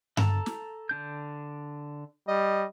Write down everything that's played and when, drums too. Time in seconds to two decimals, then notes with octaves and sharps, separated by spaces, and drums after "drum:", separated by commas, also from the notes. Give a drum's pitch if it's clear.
0.17 A4 A5 A#5, drum: tom G2
0.46 drum: snare
0.89 D3 D4 G6
2.28 G3 D#5